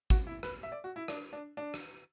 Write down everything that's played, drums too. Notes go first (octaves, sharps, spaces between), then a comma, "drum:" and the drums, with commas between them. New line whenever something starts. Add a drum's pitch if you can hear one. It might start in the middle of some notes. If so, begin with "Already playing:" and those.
F#4, drum: kick, tambourine
E4
B4, drum: rim click
E5
D5
F#4
E4
D4, drum: rim click
D4
D4
drum: rim click